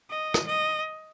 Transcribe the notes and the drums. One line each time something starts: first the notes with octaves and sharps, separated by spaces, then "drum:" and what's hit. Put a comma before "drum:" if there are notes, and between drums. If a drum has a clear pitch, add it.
D#5
drum: rim click
D#5